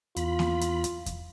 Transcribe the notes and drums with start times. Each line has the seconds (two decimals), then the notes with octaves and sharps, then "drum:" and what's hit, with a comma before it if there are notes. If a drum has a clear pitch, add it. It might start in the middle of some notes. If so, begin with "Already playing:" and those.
0.16 E2 F4 B5, drum: hi-hat
0.39 drum: snare A#3
0.61 drum: hi-hat
0.84 drum: hi-hat
1.06 drum: kick E2, hi-hat